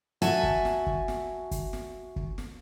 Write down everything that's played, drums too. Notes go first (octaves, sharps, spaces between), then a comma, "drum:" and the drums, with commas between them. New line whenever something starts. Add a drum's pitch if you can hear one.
F#4 E5 G#5 A5, drum: hi-hat
drum: kick
drum: snare
drum: kick
drum: snare
drum: kick, hi-hat
drum: snare
drum: kick
drum: snare